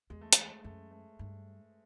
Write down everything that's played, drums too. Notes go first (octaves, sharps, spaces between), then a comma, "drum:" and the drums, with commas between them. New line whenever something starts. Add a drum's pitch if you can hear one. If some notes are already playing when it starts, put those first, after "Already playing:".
E2 G#3
A3
G#3, drum: hi-hat
F#2 A3
A3
G2